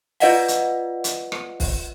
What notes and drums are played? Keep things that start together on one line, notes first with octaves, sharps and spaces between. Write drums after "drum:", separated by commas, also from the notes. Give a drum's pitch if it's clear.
F4 B4 D5 D#5 F5 F#5, drum: open hi-hat
drum: hi-hat
drum: hi-hat
drum: rim click
drum: kick, open hi-hat